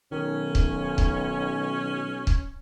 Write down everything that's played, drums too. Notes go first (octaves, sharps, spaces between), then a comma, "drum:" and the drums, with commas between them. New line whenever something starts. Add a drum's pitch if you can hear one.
B1 D#3 C#4
drum: kick
drum: kick
drum: kick